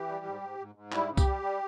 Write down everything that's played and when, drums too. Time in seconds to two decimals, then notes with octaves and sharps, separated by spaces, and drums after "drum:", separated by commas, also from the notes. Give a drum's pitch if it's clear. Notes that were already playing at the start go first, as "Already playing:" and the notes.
Already playing: E3 G4
0.08 G3
0.25 G#2
0.42 G#2
0.59 G#2
0.75 G#2
0.92 G3 E4, drum: clap
1.09 C#3
1.17 G4, drum: kick C2, tambourine
1.25 G3
1.42 G3